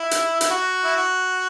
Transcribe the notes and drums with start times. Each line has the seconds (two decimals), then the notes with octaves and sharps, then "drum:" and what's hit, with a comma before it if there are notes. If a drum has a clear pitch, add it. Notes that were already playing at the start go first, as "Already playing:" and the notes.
Already playing: E4
0.11 drum: hi-hat
0.41 E4, drum: hi-hat
0.50 F#4
0.84 E4
0.95 F#4